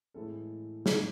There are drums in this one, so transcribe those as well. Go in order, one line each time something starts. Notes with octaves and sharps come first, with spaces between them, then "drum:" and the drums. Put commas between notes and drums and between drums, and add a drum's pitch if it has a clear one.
A2 E3 G#3 A4
drum: snare